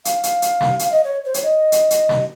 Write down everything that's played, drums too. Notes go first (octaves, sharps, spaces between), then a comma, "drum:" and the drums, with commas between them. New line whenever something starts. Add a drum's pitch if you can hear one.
F5, drum: hi-hat
drum: hi-hat
drum: hi-hat
drum: snare
F5, drum: hi-hat
D#5
C#5
C5
C#5, drum: hi-hat
D#5
drum: hi-hat
drum: hi-hat
drum: snare